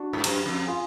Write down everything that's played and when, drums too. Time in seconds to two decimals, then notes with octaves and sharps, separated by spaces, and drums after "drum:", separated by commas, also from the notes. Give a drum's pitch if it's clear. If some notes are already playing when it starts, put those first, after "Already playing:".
Already playing: D4 F#4
0.13 G#2
0.24 F#2, drum: cymbal
0.46 F2
0.67 F4 G#4